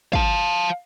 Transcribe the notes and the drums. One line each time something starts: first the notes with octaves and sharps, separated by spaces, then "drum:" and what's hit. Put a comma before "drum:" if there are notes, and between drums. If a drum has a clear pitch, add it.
F5 A5, drum: kick